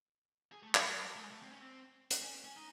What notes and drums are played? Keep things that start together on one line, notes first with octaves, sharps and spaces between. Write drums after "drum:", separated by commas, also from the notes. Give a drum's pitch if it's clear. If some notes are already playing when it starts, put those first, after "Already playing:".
G#4
A3
F#3, drum: clap
F#3
A3
G#3
A3
C4
C#4
C4
drum: hi-hat
C#4
C#4
D#4